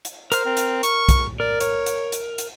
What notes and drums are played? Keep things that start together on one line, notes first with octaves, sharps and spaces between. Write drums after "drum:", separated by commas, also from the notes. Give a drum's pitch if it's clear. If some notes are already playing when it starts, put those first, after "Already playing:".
drum: hi-hat
A#4 C5 F6, drum: hi-hat
C4
drum: hi-hat
C#6, drum: hi-hat
drum: kick, hi-hat
A#4 D5
C#5, drum: hi-hat
drum: hi-hat
drum: hi-hat
drum: hi-hat